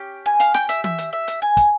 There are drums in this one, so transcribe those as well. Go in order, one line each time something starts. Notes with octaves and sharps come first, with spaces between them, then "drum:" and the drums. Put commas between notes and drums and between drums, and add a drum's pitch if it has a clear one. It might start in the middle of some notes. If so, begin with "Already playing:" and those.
Already playing: C#4 G4
G#5
F5, drum: hi-hat
G5, drum: snare
E5, drum: hi-hat
E5, drum: tom
drum: hi-hat
E5
drum: hi-hat
G#5
drum: kick, hi-hat